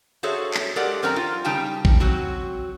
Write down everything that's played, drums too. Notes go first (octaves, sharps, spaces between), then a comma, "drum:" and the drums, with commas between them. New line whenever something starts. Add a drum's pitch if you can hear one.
F#4 G#4 A4 C5 C#5 E5
drum: clap
G#3 G4 A4 A#4 D5 F#5
F#2 C4 C#4 A#4 G5 A#5
F4
C#3 G3 D#4 G4 G5 A5
drum: kick A#1
F#3 C4 F#4